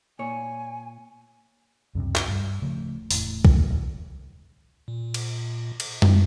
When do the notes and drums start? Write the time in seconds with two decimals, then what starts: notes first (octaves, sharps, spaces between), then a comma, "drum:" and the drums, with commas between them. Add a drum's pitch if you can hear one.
0.19 A#2 C#5 G#5
1.95 C#2 F#2 A2 C3
2.15 drum: clap
2.28 G2 G3
2.61 D1 C#3 F3 A3
3.11 E1 A2, drum: open hi-hat
3.45 drum: kick C2
3.70 D#1
4.88 A#2
5.14 drum: cymbal
5.80 drum: cymbal
6.02 drum: tom F#2